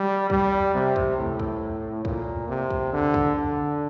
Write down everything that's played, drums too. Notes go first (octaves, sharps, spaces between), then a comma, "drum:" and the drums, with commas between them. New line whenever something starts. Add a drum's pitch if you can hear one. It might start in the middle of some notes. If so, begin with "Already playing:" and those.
Already playing: G3
G3, drum: kick
C3
drum: kick
A2
drum: kick
A#2, drum: kick
C3
drum: kick
D3
drum: kick
D3